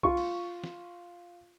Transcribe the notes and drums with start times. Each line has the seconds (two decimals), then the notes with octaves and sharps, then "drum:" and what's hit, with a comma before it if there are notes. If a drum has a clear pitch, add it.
0.03 F4 C#6, drum: kick B1
0.17 drum: cymbal
0.64 drum: snare